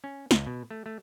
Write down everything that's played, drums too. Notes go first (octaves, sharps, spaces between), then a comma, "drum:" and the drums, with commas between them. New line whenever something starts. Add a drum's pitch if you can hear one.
C#4
C#2, drum: snare
B2
A3
A3